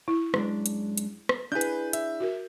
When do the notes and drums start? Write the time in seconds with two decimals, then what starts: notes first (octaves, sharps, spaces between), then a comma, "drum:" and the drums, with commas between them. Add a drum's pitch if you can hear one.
0.08 E4
0.34 F#2 G#3 D4, drum: rim click
0.66 drum: hi-hat
0.97 drum: hi-hat
1.29 drum: rim click
1.52 D4 E4 G#4 B4 G6
1.61 drum: hi-hat
1.93 E5, drum: hi-hat
2.20 F#4 A#4